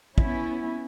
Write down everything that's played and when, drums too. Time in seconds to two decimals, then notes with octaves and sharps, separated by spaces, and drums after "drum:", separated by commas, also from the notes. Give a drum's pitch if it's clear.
0.18 B3 C#4 E4, drum: kick